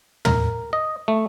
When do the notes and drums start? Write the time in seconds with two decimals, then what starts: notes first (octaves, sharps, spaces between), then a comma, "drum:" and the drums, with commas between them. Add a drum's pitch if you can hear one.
0.25 A#4, drum: tom
0.73 D#5
1.08 A3